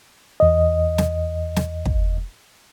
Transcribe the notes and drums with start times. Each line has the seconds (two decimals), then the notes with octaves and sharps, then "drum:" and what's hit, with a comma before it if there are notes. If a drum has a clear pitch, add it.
0.40 E2 D#5
0.98 drum: snare
1.56 drum: snare
1.86 drum: kick